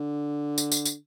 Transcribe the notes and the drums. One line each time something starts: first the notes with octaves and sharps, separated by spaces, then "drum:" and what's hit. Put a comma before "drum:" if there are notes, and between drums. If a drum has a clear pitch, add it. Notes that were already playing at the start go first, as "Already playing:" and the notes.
Already playing: D3
drum: tambourine
drum: tambourine
drum: tambourine